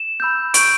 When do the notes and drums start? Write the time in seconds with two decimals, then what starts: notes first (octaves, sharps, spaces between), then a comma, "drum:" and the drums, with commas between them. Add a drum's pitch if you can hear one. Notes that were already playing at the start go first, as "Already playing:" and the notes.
Already playing: E7
0.20 B5 E6 G6
0.54 C#6 G6 D7, drum: hi-hat